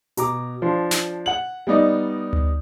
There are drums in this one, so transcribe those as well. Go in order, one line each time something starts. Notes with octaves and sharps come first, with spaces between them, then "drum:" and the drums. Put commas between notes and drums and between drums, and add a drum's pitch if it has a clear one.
B2 A#5 D6, drum: hi-hat
F3 D4 C6
drum: snare
F#5 F#7
G3 B3 D#4 D5 D#5
drum: tom D2